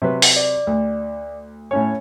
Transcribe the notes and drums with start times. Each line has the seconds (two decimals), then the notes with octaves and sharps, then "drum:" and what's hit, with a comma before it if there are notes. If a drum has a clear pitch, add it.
0.02 C3 F#3 B4
0.22 drum: open hi-hat
0.36 D5
0.67 D2
1.71 A2 C#4 C#5